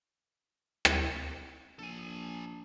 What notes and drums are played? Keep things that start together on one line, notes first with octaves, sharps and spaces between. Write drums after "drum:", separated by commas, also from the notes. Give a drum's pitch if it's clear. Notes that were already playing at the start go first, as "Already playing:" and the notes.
drum: rim click
A#1 A4 G#5